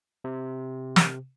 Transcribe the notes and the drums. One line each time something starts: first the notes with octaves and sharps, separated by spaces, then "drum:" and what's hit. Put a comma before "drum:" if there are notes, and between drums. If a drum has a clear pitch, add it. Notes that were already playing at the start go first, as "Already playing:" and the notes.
C3
drum: snare